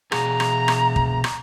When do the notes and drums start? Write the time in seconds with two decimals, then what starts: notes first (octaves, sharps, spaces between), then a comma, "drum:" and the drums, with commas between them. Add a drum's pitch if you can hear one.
0.12 B2 G#4 A#5, drum: rim click
0.40 drum: rim click
0.68 drum: rim click
0.96 drum: kick
1.24 drum: rim click